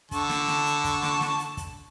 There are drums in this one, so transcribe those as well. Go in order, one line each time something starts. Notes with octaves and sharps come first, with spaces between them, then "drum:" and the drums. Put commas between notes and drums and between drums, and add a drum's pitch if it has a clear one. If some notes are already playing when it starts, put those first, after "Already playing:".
D3 A5 C#6, drum: kick, hi-hat
drum: snare
drum: snare
drum: hi-hat
drum: kick, hi-hat
drum: snare
drum: snare
drum: hi-hat
drum: kick, hi-hat